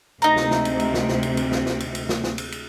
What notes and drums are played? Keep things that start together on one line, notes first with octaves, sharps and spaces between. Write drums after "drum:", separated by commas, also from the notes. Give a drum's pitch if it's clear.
D2 C3 D#4 A#5
drum: snare
drum: snare
drum: cymbal
drum: cymbal
drum: snare
drum: snare
drum: cymbal
drum: cymbal
drum: snare
drum: snare
drum: cymbal
drum: cymbal
drum: snare
drum: snare
drum: cymbal
drum: cymbal